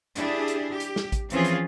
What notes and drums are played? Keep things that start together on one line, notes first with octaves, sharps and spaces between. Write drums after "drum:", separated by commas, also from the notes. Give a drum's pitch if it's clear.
D4 E4 G4 G#4, drum: hi-hat
drum: hi-hat
G4
drum: hi-hat
drum: snare
drum: kick A1, hi-hat
E3 F3 C4 C#4 F4 G#4, drum: hi-hat
drum: hi-hat